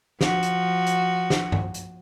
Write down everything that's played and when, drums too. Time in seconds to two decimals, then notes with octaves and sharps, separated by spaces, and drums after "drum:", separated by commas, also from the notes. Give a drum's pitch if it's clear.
0.21 F3 F#4, drum: snare
0.43 drum: hi-hat
0.86 drum: hi-hat
1.30 drum: snare
1.52 drum: tom G2
1.74 drum: hi-hat